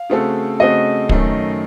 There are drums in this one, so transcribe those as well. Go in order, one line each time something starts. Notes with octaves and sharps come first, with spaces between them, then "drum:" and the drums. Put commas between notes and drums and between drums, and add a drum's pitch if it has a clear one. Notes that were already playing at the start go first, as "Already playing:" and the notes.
Already playing: F5
C#3 A3 C4 F#4 A4
C#3 A3 C4 F#4 A4 D#5
F#2 D#3 A3 C#4, drum: kick